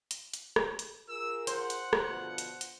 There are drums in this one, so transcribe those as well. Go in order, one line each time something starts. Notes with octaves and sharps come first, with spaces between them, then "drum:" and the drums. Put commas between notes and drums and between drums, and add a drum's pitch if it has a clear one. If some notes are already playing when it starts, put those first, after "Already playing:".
drum: hi-hat
drum: hi-hat
drum: rim click
drum: hi-hat
F4 G#4 A#4 E6
C5 F#5, drum: hi-hat
drum: hi-hat
drum: rim click
B2 D3 F3
drum: hi-hat
drum: hi-hat